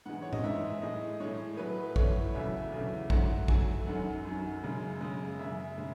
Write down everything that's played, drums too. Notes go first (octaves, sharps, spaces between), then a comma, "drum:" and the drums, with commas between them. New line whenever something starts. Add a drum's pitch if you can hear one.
G#2 E3 G#3 F#5
C#5
D#5, drum: tom A2
G#2 E3 G#3 E5
A2 G#3 D#5
A2 G#3 C#5
A2 F#3 A3 B4
A2 F#3 A3 C#5, drum: kick
E2 C#3 F#3 A3 E5
E2 C#3 F#3 A3
G#2 F#3 A3 F#5, drum: kick
G#2 F#3 A3 G#5, drum: kick
F#2 D#3 F#3 F#5
F#2 D#3 F#3
F#2 C#3 G#3
F#2 C#3 G#3
F#2 C#3 G#3 E5
C#3 G#3